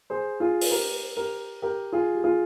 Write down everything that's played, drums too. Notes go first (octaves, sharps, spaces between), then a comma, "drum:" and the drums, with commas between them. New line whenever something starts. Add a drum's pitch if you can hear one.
G#4 C5
F4 G#4
drum: open hi-hat
G4 A#4
G4 A#4
G4 A#4
F4 G#4
G4
F4 G#4